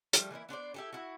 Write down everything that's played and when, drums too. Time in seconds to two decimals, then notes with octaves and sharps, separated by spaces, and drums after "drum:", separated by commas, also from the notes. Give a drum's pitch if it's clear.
0.13 F3 G3 A3, drum: hi-hat
0.31 E3 A#3 D#4 E4
0.49 B3 D4 C5 D5
0.74 E4 G4 A4
0.93 E4 F#4